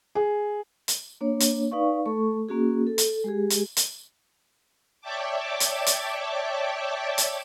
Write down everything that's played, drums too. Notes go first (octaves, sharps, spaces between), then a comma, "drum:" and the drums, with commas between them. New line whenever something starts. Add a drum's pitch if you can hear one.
G#4
drum: hi-hat
A#3 D4 C#5
drum: hi-hat
D#4 B4 D5 F5 C#6
A3 A4 C#6
A#3 C#4 F#4 G#4
A4
drum: hi-hat
G#3 G4 G#4
drum: hi-hat
drum: hi-hat
C#5 D5 E5 G5 A5 D6
drum: hi-hat
drum: hi-hat
drum: hi-hat